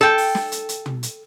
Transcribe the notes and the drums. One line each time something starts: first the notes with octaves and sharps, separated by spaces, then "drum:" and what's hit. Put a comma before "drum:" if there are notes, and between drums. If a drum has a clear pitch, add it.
A4 G5
drum: open hi-hat
drum: snare
drum: hi-hat
drum: hi-hat
drum: tom
drum: hi-hat